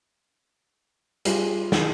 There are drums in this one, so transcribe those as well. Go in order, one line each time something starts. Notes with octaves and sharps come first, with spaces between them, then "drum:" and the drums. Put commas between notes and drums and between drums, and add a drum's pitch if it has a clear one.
G3 F4 G#4, drum: hi-hat
drum: snare